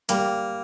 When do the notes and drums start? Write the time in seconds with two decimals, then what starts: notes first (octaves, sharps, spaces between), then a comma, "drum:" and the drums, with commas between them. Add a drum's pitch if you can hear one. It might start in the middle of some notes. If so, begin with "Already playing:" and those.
0.09 G3 A#3, drum: hi-hat